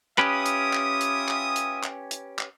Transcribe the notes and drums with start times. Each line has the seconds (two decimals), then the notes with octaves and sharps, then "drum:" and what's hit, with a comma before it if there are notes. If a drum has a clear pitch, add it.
0.18 C#4 F4 G4 B4 E5 D#6, drum: clap
0.46 drum: hi-hat
0.73 drum: clap
1.01 drum: hi-hat
1.28 drum: clap
1.56 drum: hi-hat
1.83 drum: clap
2.11 drum: hi-hat
2.39 drum: clap